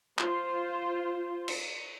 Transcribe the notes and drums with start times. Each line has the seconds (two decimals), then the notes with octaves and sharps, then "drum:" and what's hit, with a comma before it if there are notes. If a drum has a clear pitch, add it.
0.18 F4 C5, drum: clap
1.48 drum: cymbal